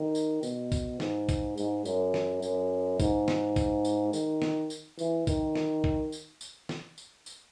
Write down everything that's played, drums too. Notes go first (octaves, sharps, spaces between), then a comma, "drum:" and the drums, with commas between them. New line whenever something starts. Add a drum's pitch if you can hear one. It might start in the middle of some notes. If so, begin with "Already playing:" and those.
Already playing: D#3
drum: tambourine
B2, drum: tambourine
drum: kick, tambourine
G#2, drum: snare
drum: kick, tambourine
G#2, drum: tambourine
F#2, drum: tambourine
drum: snare
F#2, drum: tambourine
G#2, drum: kick, tambourine
drum: snare
drum: kick, tambourine
drum: tambourine
D#3, drum: tambourine
drum: snare
drum: tambourine
E3, drum: tambourine
D#3, drum: kick, tambourine
drum: snare
drum: kick
drum: tambourine
drum: tambourine
drum: snare
drum: tambourine
drum: tambourine